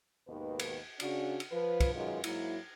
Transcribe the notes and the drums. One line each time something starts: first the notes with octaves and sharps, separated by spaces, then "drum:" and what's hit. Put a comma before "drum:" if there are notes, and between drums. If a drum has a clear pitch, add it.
D#2 G#2 B2 D#3 B4
drum: cymbal
C#3 D4 F#4, drum: cymbal
drum: cymbal
F3 B4
drum: kick, cymbal
F#2 D#3 F#3 G#3 F4 B4
G#2 F#3 A#3 E4, drum: cymbal